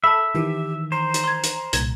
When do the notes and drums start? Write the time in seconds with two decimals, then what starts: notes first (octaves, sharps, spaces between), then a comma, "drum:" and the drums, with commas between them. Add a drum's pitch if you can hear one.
0.04 A4 E5 A5 B5
0.35 D#3 E3 G4
0.92 C5 A#5
1.14 drum: hi-hat
1.24 C6 G#6
1.44 drum: hi-hat
1.73 C2 A#2 G#6 G7, drum: hi-hat